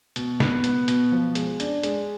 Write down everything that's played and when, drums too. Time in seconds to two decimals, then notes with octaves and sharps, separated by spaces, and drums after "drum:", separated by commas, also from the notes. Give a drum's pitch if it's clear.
0.16 B2, drum: hi-hat
0.40 B3, drum: snare
0.64 B3, drum: hi-hat
0.88 B2, drum: hi-hat
1.12 F3
1.35 G#3, drum: hi-hat
1.60 D4, drum: hi-hat
1.83 G#3, drum: hi-hat